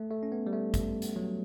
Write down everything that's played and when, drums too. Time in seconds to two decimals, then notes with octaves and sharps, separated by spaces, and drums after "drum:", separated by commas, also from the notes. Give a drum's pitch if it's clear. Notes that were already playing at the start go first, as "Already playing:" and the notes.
Already playing: A3
0.11 A3
0.23 C#4
0.32 B3
0.47 G3
0.53 A3
0.74 drum: kick G#1, hi-hat
1.02 drum: hi-hat
1.16 F#3